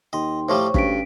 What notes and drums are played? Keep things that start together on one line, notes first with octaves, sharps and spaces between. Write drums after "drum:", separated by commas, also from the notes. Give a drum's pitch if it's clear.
D#2 D#5 G5 C6
A2 F3 G3 C5 C#5 C#6
D2 G2 C#4 B6 D7, drum: kick